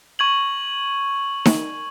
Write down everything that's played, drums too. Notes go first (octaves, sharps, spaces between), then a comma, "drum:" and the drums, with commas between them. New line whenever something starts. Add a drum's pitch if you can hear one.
C#6 G#6 F#7
drum: snare D#4